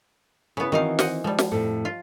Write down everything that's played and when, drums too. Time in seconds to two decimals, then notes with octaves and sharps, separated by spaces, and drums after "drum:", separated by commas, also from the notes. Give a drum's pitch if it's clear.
0.57 C#3 B3 E4 B4
0.72 D#3 E3 C4 D#4 F#4 F5
0.99 C5 D#5 F#5, drum: snare
1.24 F3 G3 G#3
1.38 drum: snare
1.51 F2 A2 A4
1.85 F4